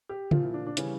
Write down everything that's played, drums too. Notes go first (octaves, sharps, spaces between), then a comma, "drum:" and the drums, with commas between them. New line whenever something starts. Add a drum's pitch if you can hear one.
G4
A#2 F3 F4, drum: tom C#3
E4
D4
D4
C#3 E3 G3 C#4, drum: hi-hat